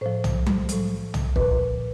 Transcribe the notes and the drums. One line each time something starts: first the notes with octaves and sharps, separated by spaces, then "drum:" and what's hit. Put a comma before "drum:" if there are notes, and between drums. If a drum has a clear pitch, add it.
A2 F3 C5
drum: tom
drum: tom F#3
A2 F3, drum: hi-hat
drum: tom
A#2 F3 B4, drum: kick